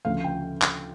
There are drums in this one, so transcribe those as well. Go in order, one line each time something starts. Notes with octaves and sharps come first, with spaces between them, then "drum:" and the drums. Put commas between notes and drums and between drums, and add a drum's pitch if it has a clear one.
D2 C#3 F3 F5
G5
drum: clap